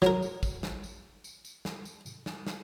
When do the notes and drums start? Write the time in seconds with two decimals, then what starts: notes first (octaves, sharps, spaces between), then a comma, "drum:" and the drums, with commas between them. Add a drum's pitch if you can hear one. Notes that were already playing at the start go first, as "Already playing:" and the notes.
0.02 F#3 A#4, drum: snare
0.22 drum: tambourine
0.43 drum: kick, tambourine
0.63 drum: snare
0.84 drum: tambourine
1.24 drum: tambourine
1.45 drum: tambourine
1.65 drum: snare
1.85 drum: tambourine
2.06 drum: tambourine
2.26 drum: snare
2.47 drum: snare